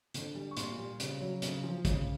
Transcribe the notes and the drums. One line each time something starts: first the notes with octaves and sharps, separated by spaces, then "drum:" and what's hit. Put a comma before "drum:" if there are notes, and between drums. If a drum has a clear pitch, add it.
D3, drum: hi-hat
G3
C#6
A#2 C6, drum: hi-hat
G3
C#3, drum: hi-hat
F#3
C#3, drum: hi-hat
F3
C#3, drum: kick, hi-hat